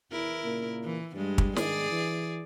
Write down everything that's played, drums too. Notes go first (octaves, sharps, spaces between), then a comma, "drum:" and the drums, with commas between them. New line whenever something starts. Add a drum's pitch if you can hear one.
E2 E4 A#4
A#2 C#3 A#3
E3
G2 G3 G#3
drum: kick
G#2 D#3 G#4 D5, drum: snare
E3